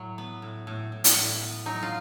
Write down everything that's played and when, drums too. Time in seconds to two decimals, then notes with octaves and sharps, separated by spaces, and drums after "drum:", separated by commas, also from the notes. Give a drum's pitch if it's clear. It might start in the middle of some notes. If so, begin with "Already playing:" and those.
Already playing: A2 F#3
0.18 B3
0.42 A2
0.67 A2
0.92 A2
1.04 drum: hi-hat
1.17 A2
1.41 B3
1.66 F#3 D#4
1.83 F4